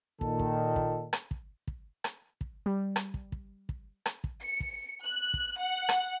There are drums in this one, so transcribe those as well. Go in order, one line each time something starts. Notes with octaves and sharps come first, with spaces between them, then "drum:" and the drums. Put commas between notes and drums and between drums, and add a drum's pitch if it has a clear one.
A#2 D#3 A4, drum: kick
drum: kick
drum: kick
drum: rim click
drum: kick
drum: kick
drum: rim click
drum: kick
G3
drum: rim click
drum: kick
drum: kick
drum: kick
drum: rim click
drum: kick
C#7
drum: kick
F#6
drum: kick
F#5
drum: rim click